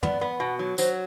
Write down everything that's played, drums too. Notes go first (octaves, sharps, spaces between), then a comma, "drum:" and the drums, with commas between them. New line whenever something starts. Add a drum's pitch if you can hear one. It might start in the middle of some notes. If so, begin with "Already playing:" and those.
B3 D5, drum: tom
B3
B2
F#3
F#3 C5, drum: tambourine